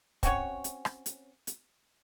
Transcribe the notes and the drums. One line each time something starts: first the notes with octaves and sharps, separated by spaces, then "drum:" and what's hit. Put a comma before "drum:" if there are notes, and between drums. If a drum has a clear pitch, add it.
C4 C#4 F#4 C#5, drum: kick, hi-hat
drum: hi-hat
drum: rim click
drum: hi-hat
drum: hi-hat